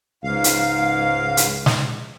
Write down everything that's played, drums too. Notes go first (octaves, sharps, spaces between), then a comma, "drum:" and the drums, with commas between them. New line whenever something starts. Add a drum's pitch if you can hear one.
C#2 G#2 F5
drum: hi-hat
drum: hi-hat
drum: snare